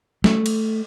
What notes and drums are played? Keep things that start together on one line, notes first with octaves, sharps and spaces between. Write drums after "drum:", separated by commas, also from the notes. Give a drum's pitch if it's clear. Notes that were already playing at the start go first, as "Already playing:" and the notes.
A3, drum: snare
drum: cymbal